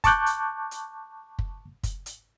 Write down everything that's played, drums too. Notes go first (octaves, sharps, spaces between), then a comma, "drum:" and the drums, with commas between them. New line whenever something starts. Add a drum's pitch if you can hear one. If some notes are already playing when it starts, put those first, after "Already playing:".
A5 C#6 D6 F#6 G6, drum: kick, hi-hat
drum: hi-hat
drum: hi-hat
drum: kick
drum: kick, hi-hat
drum: hi-hat